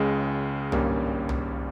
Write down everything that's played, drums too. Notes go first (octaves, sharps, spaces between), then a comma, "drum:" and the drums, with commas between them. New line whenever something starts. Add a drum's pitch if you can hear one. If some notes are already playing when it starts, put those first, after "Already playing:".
Already playing: C#2 C#3 G#3
G#1 G2 G3 A#3 C#4, drum: tom C2
drum: tom C2